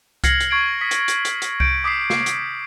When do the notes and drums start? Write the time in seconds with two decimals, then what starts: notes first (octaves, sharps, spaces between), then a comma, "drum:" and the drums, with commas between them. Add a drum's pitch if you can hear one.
0.24 F6 G#6 A#6 C7 C#7 F#7, drum: kick C2, hi-hat
0.40 drum: hi-hat
0.50 C#6 G#6 C7 D7
0.81 D#6 B6
0.91 drum: hi-hat
1.08 drum: hi-hat
1.25 drum: hi-hat
1.42 drum: hi-hat
1.60 G6 C#7 D7, drum: kick C2
1.84 D6 D#6 B6 C7
2.10 D6 C7, drum: snare
2.26 drum: hi-hat